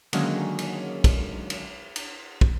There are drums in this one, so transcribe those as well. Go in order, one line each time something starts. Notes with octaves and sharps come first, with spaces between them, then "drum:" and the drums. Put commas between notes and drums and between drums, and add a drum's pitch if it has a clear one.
D3 D#3 F#3 G#3 A#3 C#4, drum: cymbal
drum: cymbal
drum: kick, cymbal
drum: cymbal
drum: cymbal
drum: kick